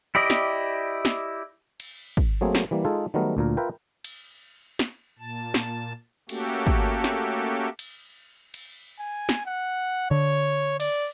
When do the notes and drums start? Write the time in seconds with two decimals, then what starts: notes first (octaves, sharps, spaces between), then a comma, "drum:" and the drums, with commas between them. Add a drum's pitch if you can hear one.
0.15 E4 G4 D5 D#5
0.30 drum: snare
1.05 drum: snare
1.80 drum: cymbal
2.17 drum: kick
2.41 F#3 A3 A#3 C4 G#4
2.55 drum: snare
2.71 E3 G3 A#3
2.85 G#3 D#4 F4 G#4 A4
3.14 D#3 F#3 G3 A3 B3 A#4
3.37 D2 A#2 A#4
3.57 F4 A#4 B4 E5 G5
4.04 drum: cymbal
4.79 drum: snare
5.19 A#2 A5
5.54 drum: snare
6.29 A3 A#3 C#4 F#4 G4 A4, drum: cymbal
6.67 drum: kick
7.04 drum: snare
7.79 drum: cymbal
8.54 drum: cymbal
8.99 G#5
9.29 drum: snare
9.46 F#5
10.11 D3 C#5
10.80 D5, drum: cymbal